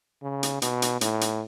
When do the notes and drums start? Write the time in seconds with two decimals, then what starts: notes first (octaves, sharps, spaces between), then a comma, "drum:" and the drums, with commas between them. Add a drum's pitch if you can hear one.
0.23 C#3
0.43 drum: hi-hat
0.62 B2, drum: hi-hat
0.82 drum: hi-hat
1.01 A2, drum: hi-hat
1.21 drum: hi-hat